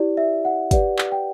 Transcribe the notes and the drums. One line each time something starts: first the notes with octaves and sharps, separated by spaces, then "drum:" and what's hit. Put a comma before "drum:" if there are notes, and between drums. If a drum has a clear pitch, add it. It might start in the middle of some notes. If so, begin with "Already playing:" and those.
Already playing: E4 G4 D5
E5
F#5
G4 B4 D5 F#5, drum: kick, hi-hat
drum: clap
G5